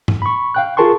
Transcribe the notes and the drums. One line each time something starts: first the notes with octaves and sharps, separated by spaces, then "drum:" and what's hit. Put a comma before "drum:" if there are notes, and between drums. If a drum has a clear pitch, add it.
drum: tom G#2
B5 C#6
F5 G5 F#6
F4 G#4 A#4 A5 C6 C#6